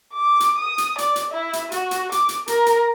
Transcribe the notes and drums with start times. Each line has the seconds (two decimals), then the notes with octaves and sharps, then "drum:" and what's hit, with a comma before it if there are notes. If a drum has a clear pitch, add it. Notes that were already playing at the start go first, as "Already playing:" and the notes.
0.14 D6
0.40 drum: hi-hat
0.58 D#6
0.78 drum: hi-hat
0.98 D5, drum: hi-hat
1.16 drum: hi-hat
1.32 E4
1.53 drum: hi-hat
1.72 F#4, drum: hi-hat
1.91 drum: hi-hat
2.12 D6, drum: hi-hat
2.29 drum: hi-hat
2.48 A#4, drum: hi-hat
2.66 drum: hi-hat